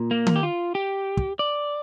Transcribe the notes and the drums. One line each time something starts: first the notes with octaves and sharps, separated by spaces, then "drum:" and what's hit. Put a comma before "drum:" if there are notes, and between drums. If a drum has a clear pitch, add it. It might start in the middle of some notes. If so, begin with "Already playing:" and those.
Already playing: A#2
A#3
drum: tom D#3
G4
F4
G4
drum: kick
D5